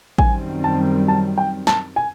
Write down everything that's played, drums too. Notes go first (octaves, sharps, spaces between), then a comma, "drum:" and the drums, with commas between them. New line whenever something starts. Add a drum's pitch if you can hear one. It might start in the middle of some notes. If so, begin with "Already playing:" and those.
F#2 D#3 G3 C4 G#5, drum: kick A1
A5
A5
G5
A5, drum: snare
G#5